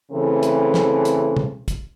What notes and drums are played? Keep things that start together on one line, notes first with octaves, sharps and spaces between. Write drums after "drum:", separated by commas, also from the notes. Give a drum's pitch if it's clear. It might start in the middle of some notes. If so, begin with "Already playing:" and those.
C#3 E3 A3 C4 A4
drum: hi-hat
drum: snare
drum: hi-hat
drum: tom B2
drum: kick, hi-hat